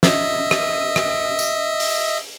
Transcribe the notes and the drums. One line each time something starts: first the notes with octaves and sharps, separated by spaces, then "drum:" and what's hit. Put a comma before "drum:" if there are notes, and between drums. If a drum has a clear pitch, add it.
D#5 E5, drum: snare
drum: rim click
drum: rim click
drum: tambourine
drum: open hi-hat